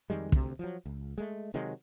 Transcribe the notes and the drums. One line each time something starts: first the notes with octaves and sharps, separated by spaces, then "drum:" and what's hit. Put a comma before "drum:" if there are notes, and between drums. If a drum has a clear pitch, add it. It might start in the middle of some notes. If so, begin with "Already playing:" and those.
F2 D#3 G3 G#3
D2 C3, drum: kick
F3 F#3
C#2
G#3 A3
C3 D#3 F#3 G#3